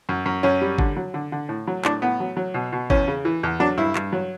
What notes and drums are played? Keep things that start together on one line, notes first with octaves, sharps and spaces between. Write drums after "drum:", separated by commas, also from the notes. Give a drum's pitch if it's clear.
F#2
F#2
F#2 C#4
G3
D3, drum: kick G#1
F#3
D3
D3
A2
F#3
A2 D4, drum: clap
A2 B3
F#3
F#3
B2
B2
E2 C#4, drum: kick G#1
C#3
E3
E2
F#3 D4
G2 E4
G2, drum: clap
F#3